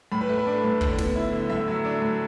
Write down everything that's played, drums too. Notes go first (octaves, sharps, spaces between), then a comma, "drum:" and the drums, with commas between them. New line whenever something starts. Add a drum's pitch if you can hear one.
A2 B5
B4
A3
B4
D4
A2
D3, drum: kick
B3, drum: snare
E4
D3
A2 E5
F#3
D4
A2